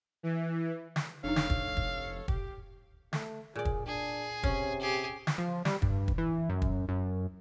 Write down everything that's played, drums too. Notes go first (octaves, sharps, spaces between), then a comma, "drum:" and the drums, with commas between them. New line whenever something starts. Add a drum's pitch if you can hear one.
E3
drum: snare
F1 D4 D#4 A4 C#5 F5
drum: snare
drum: kick
drum: kick
G4, drum: kick
A3, drum: snare
A#2 G#4 D5
drum: kick
D4 G#4
C3 C#4, drum: kick
G4 G#4
drum: snare
F3
G3, drum: snare
G2, drum: kick
drum: kick
E3
F#2
drum: kick
F#2